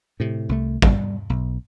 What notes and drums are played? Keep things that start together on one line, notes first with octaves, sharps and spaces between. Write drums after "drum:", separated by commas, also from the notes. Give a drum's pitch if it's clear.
A2 C3
C2 A3
G3, drum: kick
B1